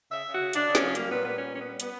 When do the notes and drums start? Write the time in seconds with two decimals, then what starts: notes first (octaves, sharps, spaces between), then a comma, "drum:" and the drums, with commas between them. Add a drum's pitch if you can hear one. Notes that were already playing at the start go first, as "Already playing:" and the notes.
0.11 C#3 E5
0.25 C#3
0.33 F#4
0.40 C#3
0.53 C#3 D4, drum: hi-hat
0.67 C#3
0.75 C#4, drum: snare
0.81 F#3
0.95 G3 A#3, drum: hi-hat
1.10 A#2 B3
1.23 G3 B3
1.38 A#2 C#4
1.52 G3 C#4
1.60 B3
1.66 G3
1.80 G3 B3, drum: hi-hat